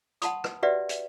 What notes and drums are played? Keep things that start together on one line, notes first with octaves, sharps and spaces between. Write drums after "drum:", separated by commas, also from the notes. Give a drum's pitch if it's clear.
F#5 A5 B5 C6 D#6, drum: hi-hat
drum: rim click
F#4 G4 B4 D5 E5 F#5
drum: hi-hat